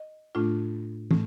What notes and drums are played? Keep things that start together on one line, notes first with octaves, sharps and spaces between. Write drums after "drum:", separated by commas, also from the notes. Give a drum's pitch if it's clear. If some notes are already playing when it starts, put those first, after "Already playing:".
Already playing: D#5
A2 A3 D4 F4
A2 A3, drum: tom